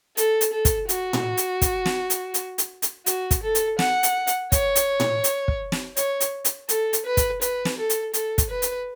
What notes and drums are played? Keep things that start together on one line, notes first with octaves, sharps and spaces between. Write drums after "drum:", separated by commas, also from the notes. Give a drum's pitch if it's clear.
A4, drum: hi-hat
drum: hi-hat
A4
drum: kick, hi-hat
F#4, drum: hi-hat
drum: tom A2
drum: hi-hat
drum: kick, hi-hat
drum: snare
drum: hi-hat
drum: hi-hat
drum: hi-hat
drum: hi-hat
F#4, drum: hi-hat
drum: kick, hi-hat
A4
drum: hi-hat
F#5, drum: snare
drum: hi-hat
drum: hi-hat
C#5, drum: kick, hi-hat
drum: hi-hat
drum: tom A2
drum: hi-hat
drum: kick
drum: snare
C#5, drum: hi-hat
drum: hi-hat
drum: hi-hat
A4, drum: hi-hat
drum: hi-hat
B4
drum: kick, hi-hat
B4, drum: hi-hat
drum: snare
A4
drum: hi-hat
A4, drum: hi-hat
drum: kick, hi-hat
B4
drum: hi-hat